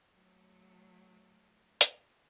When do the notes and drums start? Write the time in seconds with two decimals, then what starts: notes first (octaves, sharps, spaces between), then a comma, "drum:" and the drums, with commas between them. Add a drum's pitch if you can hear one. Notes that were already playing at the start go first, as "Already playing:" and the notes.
0.14 F#3 A3
1.81 drum: hi-hat